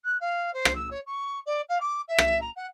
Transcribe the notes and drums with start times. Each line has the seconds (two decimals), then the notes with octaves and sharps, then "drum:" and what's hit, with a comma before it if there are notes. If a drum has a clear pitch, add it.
0.04 F#6
0.20 F5
0.53 C5
0.65 drum: rim click
0.75 E6
0.90 C#5
1.06 C#6
1.46 D5
1.69 F5
1.80 D6
2.08 E5
2.18 drum: rim click
2.41 A#5
2.56 F#5